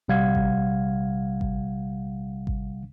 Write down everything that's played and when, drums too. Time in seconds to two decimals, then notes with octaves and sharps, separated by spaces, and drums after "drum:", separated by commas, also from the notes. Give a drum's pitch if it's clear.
0.08 A#1 C3 G3 F5 F#5 G#6
0.35 drum: kick G#1
1.41 drum: kick G#1
2.47 drum: kick G#1